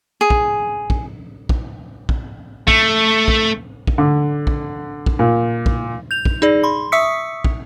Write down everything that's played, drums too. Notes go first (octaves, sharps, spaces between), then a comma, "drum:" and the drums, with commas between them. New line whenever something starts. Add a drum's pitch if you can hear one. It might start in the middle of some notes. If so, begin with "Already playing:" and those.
G#4
drum: kick
drum: kick
drum: kick
drum: kick
A3, drum: kick
drum: kick
drum: kick
D3
drum: kick
drum: kick
A#2
drum: kick
G6 F7
drum: kick
D#4 G#4 D5
B5 C6
E5 C#6 D#6 E6 B6 C#7
drum: kick